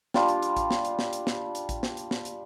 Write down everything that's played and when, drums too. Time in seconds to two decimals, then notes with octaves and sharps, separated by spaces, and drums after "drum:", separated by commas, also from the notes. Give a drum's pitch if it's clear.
0.14 G3 D4 F4 G5, drum: snare
0.28 drum: hi-hat
0.42 drum: hi-hat
0.57 drum: kick A1, hi-hat
0.71 drum: snare
0.85 drum: hi-hat
0.99 drum: snare
1.13 drum: hi-hat
1.27 drum: snare
1.55 drum: hi-hat
1.69 drum: kick A1, hi-hat
1.83 drum: snare
1.97 drum: hi-hat
2.11 drum: snare
2.25 drum: hi-hat